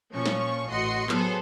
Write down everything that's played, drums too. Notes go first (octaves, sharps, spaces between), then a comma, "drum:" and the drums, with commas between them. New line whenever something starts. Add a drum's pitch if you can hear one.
A#2 F3 C#4 C#6
drum: snare
A1 F#4 D#5 C6 C#7
F#3 B3 G#4 A4 C5, drum: clap